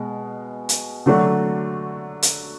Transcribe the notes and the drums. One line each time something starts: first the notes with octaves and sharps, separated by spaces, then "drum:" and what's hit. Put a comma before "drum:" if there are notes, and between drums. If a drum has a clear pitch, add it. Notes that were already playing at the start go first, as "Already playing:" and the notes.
Already playing: B2 G#3
drum: hi-hat
D3 F#3 A3 D4 F#4
drum: hi-hat